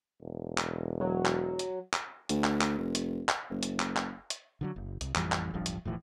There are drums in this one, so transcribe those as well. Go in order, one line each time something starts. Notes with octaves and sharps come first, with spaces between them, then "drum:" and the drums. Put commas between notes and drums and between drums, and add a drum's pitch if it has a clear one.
E1
drum: clap
F#3
drum: clap
drum: hi-hat
drum: clap
D2, drum: hi-hat
drum: clap
drum: clap
F1
drum: hi-hat
drum: clap
F#1
drum: hi-hat
drum: clap
drum: clap
drum: hi-hat
D3 D#3 F#3
F#1
C2, drum: hi-hat
A1 F2 E3 G3, drum: clap
drum: clap
D1 G1 G2 F3
drum: hi-hat
E1 A2 E3 F3